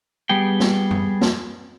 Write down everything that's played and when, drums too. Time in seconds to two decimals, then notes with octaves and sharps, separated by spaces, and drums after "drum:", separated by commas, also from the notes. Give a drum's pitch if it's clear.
0.29 G3 B3 G#4 G5
0.60 drum: snare
0.91 drum: tom F#2
1.21 drum: snare